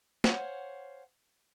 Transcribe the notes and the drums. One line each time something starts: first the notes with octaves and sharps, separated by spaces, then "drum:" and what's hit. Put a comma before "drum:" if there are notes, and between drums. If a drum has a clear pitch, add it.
C5 C#5 F5 F#5 G#5, drum: snare